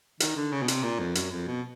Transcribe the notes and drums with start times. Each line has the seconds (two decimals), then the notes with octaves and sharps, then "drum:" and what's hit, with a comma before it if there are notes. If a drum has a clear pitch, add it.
0.20 D#3, drum: hi-hat
0.37 D3
0.52 C#3
0.62 B2
0.68 C3, drum: hi-hat
0.83 A#2
0.99 F2
1.15 F#2, drum: hi-hat
1.32 F2
1.47 B2